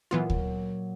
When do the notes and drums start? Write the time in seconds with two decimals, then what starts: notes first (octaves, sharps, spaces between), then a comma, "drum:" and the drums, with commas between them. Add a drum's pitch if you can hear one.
0.11 A#2 E3 F#3 B3 F4
0.30 drum: kick D2